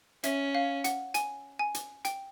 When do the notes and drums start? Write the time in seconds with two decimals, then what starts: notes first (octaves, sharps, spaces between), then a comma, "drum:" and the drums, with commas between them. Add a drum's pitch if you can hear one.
0.23 C#4 E5, drum: hi-hat
0.55 F5
0.84 F#5, drum: hi-hat
1.14 G#5, drum: hi-hat
1.59 G#5
1.75 drum: hi-hat
2.05 G5, drum: hi-hat